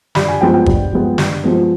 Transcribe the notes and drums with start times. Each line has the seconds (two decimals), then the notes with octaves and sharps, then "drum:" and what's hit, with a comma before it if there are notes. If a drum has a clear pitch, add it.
0.15 G2 B5, drum: snare
0.28 G#5
0.41 F3 G#3 B3 G5
0.54 G5
0.66 G2, drum: kick G1
0.92 F3 G#3 B3
1.18 G2, drum: snare
1.44 F3 G#3 B3